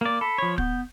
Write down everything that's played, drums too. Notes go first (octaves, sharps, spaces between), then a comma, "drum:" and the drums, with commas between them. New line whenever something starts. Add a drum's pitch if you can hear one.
A#3 D5
A4 B5
F3 C#5
B3 G6, drum: kick